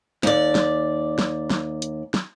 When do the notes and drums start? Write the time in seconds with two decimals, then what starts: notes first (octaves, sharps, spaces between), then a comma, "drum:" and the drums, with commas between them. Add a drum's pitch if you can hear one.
0.23 D#2 D5, drum: snare
0.55 drum: snare
1.19 drum: snare
1.50 drum: snare
1.82 drum: hi-hat
2.14 drum: snare